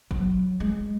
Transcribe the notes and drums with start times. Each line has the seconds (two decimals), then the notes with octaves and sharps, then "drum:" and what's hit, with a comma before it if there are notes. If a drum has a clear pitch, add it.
0.11 F#3, drum: kick
0.60 G#3